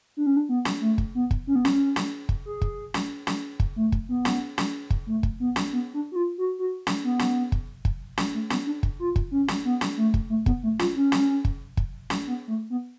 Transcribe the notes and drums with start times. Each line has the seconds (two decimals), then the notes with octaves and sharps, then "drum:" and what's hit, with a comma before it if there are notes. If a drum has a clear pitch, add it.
0.17 D4
0.27 C#4
0.36 D4
0.49 B3
0.65 drum: snare
0.81 A3
0.98 drum: kick
1.15 B3
1.31 drum: kick
1.47 C#4
1.55 B3
1.65 C#4, drum: snare
1.96 drum: snare
2.29 drum: kick
2.46 G#4
2.61 drum: kick
2.94 drum: snare
3.27 drum: snare
3.60 drum: kick
3.76 A3
3.92 drum: kick
4.09 B3
4.25 drum: snare
4.58 drum: snare
4.90 drum: kick
5.06 A3
5.23 drum: kick
5.40 B3
5.56 drum: snare
5.73 B3
5.94 D4
6.12 F#4
6.16 F4
6.38 F#4
6.59 F#4
6.87 drum: snare
7.04 B3
7.19 drum: snare
7.52 drum: kick
7.85 drum: kick
8.18 drum: snare
8.34 A3
8.50 B3, drum: snare
8.66 D4
8.83 drum: kick
8.99 F4
9.16 drum: kick
9.31 C#4
9.48 drum: snare
9.65 B3
9.81 drum: snare
9.97 A3
10.14 drum: kick
10.30 A3
10.46 B3, drum: kick
10.63 A3
10.79 F4, drum: snare
10.96 C#4
11.12 drum: snare
11.45 drum: kick
11.77 drum: kick
12.10 drum: snare
12.27 B3
12.48 A3
12.70 B3